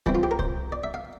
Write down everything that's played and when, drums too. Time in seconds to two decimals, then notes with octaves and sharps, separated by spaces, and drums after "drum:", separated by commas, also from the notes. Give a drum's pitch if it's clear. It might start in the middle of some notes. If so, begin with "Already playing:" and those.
0.06 E3 G3 C4 E4, drum: kick C2
0.15 F4
0.23 G4
0.31 A#4
0.39 C5, drum: kick C2
0.72 D5
0.84 E5
0.94 F5